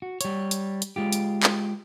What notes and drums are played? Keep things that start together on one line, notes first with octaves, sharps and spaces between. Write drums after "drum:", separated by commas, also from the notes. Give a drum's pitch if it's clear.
F#4
G3 C#5, drum: hi-hat
drum: hi-hat
drum: hi-hat
G#3 F4 G4
drum: hi-hat
drum: clap